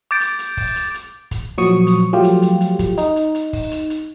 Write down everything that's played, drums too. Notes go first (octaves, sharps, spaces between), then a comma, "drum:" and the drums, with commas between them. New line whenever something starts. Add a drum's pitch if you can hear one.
D6 G6 A6 D7
drum: hi-hat
drum: hi-hat
drum: kick, open hi-hat
drum: hi-hat
drum: hi-hat
drum: kick, hi-hat
A#2 F3 F#3 C#6 D#6
drum: hi-hat
F3 F#3 A3 F4 G4
drum: hi-hat
drum: hi-hat
drum: hi-hat
drum: kick, hi-hat
D#4, drum: hi-hat
drum: hi-hat
drum: hi-hat
drum: kick, open hi-hat
drum: hi-hat
drum: hi-hat